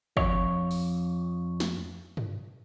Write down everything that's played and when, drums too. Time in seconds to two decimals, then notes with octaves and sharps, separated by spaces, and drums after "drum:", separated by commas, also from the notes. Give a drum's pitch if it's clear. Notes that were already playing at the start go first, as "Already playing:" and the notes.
0.17 F2 C#5, drum: kick
0.71 drum: open hi-hat
1.60 drum: snare
2.17 drum: tom G2